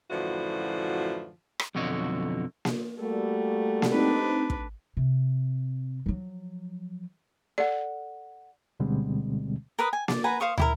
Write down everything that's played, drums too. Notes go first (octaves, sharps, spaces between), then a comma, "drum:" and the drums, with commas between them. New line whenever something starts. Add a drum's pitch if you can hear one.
F#2 A2 D3 E3 F3 F#4
drum: rim click
B1 F2 D3 F#4 C#5 D#5
drum: snare A#3
G3 A3 A#3 F#4
drum: snare A#3
C4 D4 D#4 G4 B4
drum: kick
C3
F3 F#3
A4 D5 F#5
D2 B2 D3 G3 G#3 C4
A#4 B4 D#6
G#5
D5, drum: snare A#3
B4 F#5 G#5 A#5
C5 F5 C#6 D#6
E4 G4 A#4, drum: tom